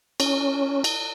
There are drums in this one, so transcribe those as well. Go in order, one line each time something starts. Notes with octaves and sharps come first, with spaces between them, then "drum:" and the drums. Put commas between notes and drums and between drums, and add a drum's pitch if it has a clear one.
C#4, drum: cymbal
drum: cymbal